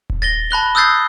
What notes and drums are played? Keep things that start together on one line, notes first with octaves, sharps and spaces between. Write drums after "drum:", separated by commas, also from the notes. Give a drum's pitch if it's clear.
drum: kick D#1
A6 A#6 G7
A5 B5 F#6 G7
D#6 E6 F#6 G6 A6 C7